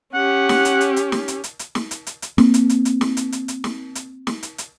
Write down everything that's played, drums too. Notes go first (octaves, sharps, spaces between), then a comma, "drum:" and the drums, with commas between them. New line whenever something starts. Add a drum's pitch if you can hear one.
C#4 G4 F#5
drum: snare
drum: hi-hat
drum: hi-hat
drum: hi-hat
drum: snare
drum: hi-hat
drum: hi-hat
drum: hi-hat
drum: snare
drum: hi-hat
drum: hi-hat
drum: hi-hat
A#3 C4, drum: snare
drum: hi-hat
drum: hi-hat
drum: hi-hat
drum: snare
drum: hi-hat
drum: hi-hat
drum: hi-hat
drum: snare
drum: hi-hat
drum: snare
drum: hi-hat
drum: hi-hat